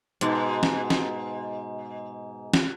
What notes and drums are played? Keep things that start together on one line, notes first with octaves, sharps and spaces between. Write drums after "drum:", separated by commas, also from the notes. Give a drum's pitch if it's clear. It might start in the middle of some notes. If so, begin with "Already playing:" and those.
G#2 B2, drum: hi-hat
drum: snare
drum: snare
drum: snare